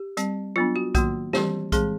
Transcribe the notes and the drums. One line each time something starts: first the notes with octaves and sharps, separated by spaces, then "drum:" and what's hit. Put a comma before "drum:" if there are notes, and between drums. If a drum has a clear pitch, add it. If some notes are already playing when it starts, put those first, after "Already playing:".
Already playing: G4
G3 C4, drum: hi-hat
F#3 B3 D4 F4
F#4
D#3 F#3 A#3 F#4, drum: kick B1, hi-hat
E3 G3 C4 G4, drum: snare
E3 G#3 C4 G#4, drum: kick B1, hi-hat